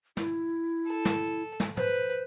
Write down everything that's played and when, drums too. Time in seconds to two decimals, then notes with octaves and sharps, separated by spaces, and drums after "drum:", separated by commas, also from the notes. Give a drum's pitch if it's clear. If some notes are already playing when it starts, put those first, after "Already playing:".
0.17 E4, drum: snare
0.87 A4
1.05 drum: snare
1.60 drum: snare
1.77 B4 C5, drum: tom